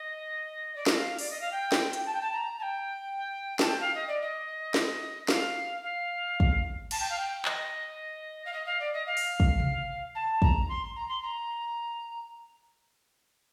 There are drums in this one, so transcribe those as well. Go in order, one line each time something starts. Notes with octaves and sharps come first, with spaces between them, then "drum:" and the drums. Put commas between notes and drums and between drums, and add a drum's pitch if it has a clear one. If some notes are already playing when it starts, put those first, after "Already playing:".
Already playing: D#5
D5
D#5, drum: snare
F5
D5, drum: open hi-hat
D#5
F5
G5
drum: snare
drum: hi-hat
A5
G5
A5
A#5
A5
G5
A5, drum: snare
G5
F5
D#5
D5
D#5
drum: snare
F5, drum: snare
F5
drum: kick
A5, drum: cymbal
G5
F5
G5
D#5, drum: clap
F5
D#5
F5
D5
D#5
F5
drum: open hi-hat
drum: kick
drum: tom C3
A5
A#5, drum: kick
C6
A#5
C6
A#5